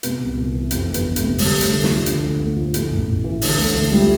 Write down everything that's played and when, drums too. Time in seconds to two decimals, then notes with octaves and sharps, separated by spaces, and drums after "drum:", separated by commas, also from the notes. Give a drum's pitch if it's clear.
0.03 C3 B3, drum: hi-hat
0.21 C2
0.37 C2
0.54 E3
0.71 F2 C4, drum: hi-hat
0.88 G1
0.94 B3, drum: hi-hat
1.05 E3
1.10 B3
1.16 A3, drum: hi-hat
1.22 C3
1.38 D3 G3, drum: open hi-hat
1.55 D2
1.61 A3, drum: hi-hat
1.73 D2
1.83 D4, drum: snare
1.89 F3
2.06 D3, drum: hi-hat
2.23 D2
2.40 D2
2.57 F3
2.74 A2, drum: hi-hat
2.90 A1
3.08 A1
3.24 E3
3.41 D3, drum: open hi-hat
3.58 D2
3.75 D2
3.92 F3 G3
4.00 A3